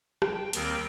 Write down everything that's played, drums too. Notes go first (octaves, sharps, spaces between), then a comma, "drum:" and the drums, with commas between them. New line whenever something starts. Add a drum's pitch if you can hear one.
G5, drum: rim click
D#2 D#3 G3 C4 G5, drum: hi-hat